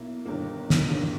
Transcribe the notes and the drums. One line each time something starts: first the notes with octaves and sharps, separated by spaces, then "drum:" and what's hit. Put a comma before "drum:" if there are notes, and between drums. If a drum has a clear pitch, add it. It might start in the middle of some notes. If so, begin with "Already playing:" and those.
Already playing: B1 B2 A#3 E4
G1 G2 D#3 A#3
drum: snare
G1 G2 D#3 A#3